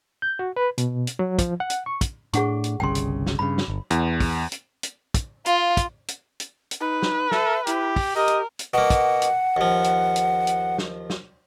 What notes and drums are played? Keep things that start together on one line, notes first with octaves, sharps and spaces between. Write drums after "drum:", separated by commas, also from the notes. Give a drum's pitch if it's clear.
G6
F#4
B4
B2, drum: hi-hat
drum: hi-hat
F#3
F3, drum: kick, hi-hat
F#5
drum: hi-hat
C#6
drum: kick, hi-hat
A2 D4 G#4 F#5 C#6, drum: hi-hat
drum: hi-hat
G1 C2 C#3 G5 C6
drum: hi-hat
drum: snare
G2 C#3 B5
drum: snare
G1
E2, drum: hi-hat
drum: kick, open hi-hat
drum: hi-hat
drum: hi-hat
drum: kick, hi-hat
F4 F5, drum: hi-hat
drum: kick, hi-hat
drum: hi-hat
drum: hi-hat
drum: hi-hat
D#4 B4
drum: snare
A4 E5, drum: snare
E4 G4, drum: hi-hat
drum: kick, open hi-hat
G4 A#4 D#5
drum: hi-hat
drum: hi-hat
B2 A#3 F#5
drum: kick, hi-hat
drum: hi-hat
D#2 F3
drum: hi-hat
drum: hi-hat
drum: hi-hat
drum: snare
drum: snare